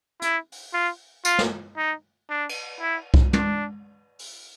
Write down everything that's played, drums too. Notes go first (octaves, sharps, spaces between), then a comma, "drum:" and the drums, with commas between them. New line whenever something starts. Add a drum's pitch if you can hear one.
E4, drum: hi-hat
drum: open hi-hat
F4
F4, drum: tambourine
drum: snare
D#4
D4
drum: cymbal
E4
drum: kick C2
D4, drum: tom
drum: open hi-hat